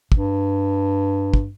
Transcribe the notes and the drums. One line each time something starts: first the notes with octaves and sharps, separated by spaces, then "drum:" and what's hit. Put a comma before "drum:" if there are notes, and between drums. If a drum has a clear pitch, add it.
G2, drum: kick
drum: kick